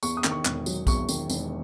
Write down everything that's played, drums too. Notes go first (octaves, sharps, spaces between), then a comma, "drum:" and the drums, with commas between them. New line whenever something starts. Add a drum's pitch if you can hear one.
E2 C#6, drum: tambourine
D#6
D#3, drum: clap
C#6
E1, drum: clap
F#3, drum: tambourine
E2 C#6, drum: kick B1, tambourine
D#3, drum: tambourine
E1, drum: tambourine